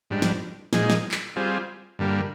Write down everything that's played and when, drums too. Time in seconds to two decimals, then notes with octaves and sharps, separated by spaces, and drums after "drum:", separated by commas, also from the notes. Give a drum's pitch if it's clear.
0.10 G#2 G3 D4
0.22 drum: snare
0.73 A#2 G#3 D#4 G#4, drum: snare
0.90 drum: snare
1.11 drum: clap
1.36 G3 C4 F4 G#4
1.99 G2 D3 G3 A#3